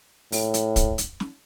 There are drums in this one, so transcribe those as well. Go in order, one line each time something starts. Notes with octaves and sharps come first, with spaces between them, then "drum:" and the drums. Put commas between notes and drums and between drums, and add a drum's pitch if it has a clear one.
A2, drum: open hi-hat
drum: hi-hat
drum: kick, hi-hat
drum: hi-hat
drum: snare